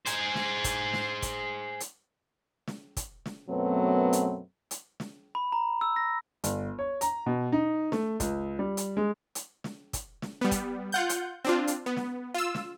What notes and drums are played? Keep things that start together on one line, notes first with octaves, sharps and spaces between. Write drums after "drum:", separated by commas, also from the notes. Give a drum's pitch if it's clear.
G#4 C5, drum: hi-hat
drum: snare
drum: kick, hi-hat
drum: snare
drum: kick, hi-hat
drum: hi-hat
drum: snare
drum: kick, hi-hat
drum: snare
F#2 B2 F#3 A3 B3 C4
drum: hi-hat
drum: hi-hat
drum: snare
B5
A#5
E6
A#6
G1, drum: hi-hat
C#5
A#5, drum: hi-hat
B2
D#4
A3, drum: snare
C#2, drum: kick, hi-hat
G3
drum: hi-hat
G#3
drum: hi-hat
drum: snare
drum: kick, hi-hat
drum: snare
G3 B3
drum: kick, hi-hat
F4 F#5 G6
drum: hi-hat
C4 D4 F4
drum: hi-hat
B3
drum: snare
F4 E6
drum: snare